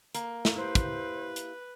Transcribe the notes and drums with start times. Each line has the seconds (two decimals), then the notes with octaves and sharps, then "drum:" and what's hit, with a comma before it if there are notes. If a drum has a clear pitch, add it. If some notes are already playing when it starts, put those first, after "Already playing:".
0.15 A#3, drum: hi-hat
0.45 drum: snare
0.56 E4 G4 B4 C5
0.75 drum: kick, hi-hat
1.36 drum: hi-hat